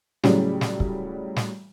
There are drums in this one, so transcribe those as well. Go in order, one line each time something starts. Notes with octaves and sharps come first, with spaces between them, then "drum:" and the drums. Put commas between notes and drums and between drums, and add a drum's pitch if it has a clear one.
A2 C#3 F#3 G3, drum: snare
drum: snare
drum: kick
drum: snare